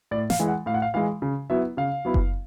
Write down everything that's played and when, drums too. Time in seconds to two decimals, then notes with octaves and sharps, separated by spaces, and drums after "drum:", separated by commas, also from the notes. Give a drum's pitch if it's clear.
0.11 A2 D5
0.30 F5, drum: snare
0.39 E3 G#3
0.48 F#5
0.66 A2 F5
0.74 F#5
0.82 F5
0.94 E3 G#3 F5
1.22 C#3
1.50 F#3 B3 E4 E5
1.77 C#3 F5
2.05 F#3 B3 E4
2.14 drum: kick F#1